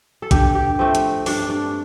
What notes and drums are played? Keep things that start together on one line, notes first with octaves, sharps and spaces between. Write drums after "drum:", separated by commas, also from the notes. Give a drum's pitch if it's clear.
A4
G2 G4, drum: kick B1, hi-hat
G4
F3 A3 C4
drum: hi-hat
G2 D4, drum: open hi-hat
D4